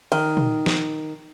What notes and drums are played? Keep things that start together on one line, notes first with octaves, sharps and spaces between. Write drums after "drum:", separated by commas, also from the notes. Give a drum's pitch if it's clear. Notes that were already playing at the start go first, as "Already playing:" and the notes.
D#3, drum: cymbal
drum: tom
drum: snare